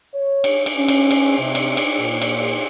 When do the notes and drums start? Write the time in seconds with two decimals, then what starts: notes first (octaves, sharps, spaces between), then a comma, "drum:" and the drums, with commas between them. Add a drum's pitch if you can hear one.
0.14 C#5
0.44 drum: cymbal
0.66 drum: cymbal
0.77 C#4
0.88 drum: cymbal
1.11 drum: cymbal
1.39 C3
1.55 drum: cymbal
1.77 drum: cymbal
1.99 A#2
2.22 drum: cymbal